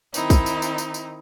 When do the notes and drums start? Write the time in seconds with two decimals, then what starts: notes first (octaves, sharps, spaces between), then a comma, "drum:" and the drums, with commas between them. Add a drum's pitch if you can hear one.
0.14 D#3 C4 D#4 E4, drum: tambourine
0.30 drum: kick, tambourine
0.46 drum: tambourine
0.62 drum: tambourine
0.78 drum: tambourine
0.94 drum: tambourine